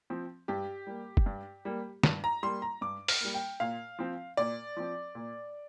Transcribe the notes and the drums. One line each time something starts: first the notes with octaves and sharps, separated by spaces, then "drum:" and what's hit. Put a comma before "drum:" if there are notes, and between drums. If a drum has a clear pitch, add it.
F3 C4
G2 G4
G3 A#3
drum: kick
G2
G3 A#3
G2, drum: snare
A#5
G3 A#3 C6
A#5
G2 D6
F6, drum: open hi-hat
G3 A#3
G5
A#2 F5
F3 C4
A#2 D5
F3 C4
A#2